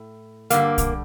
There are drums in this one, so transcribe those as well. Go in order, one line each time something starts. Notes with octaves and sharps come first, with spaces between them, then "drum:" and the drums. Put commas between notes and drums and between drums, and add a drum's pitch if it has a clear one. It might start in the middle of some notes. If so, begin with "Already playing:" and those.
Already playing: A2
G2 D3 G3 A#3, drum: hi-hat
drum: kick A#1, hi-hat